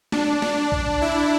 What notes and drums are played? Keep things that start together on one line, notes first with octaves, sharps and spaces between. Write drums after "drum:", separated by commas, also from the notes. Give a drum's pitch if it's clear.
D4, drum: snare
D4, drum: snare
drum: kick
E4